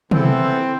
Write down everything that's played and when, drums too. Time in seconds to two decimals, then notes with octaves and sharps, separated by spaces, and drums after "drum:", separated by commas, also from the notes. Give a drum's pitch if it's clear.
0.11 E3 B3 C4 E4 A4, drum: tom C3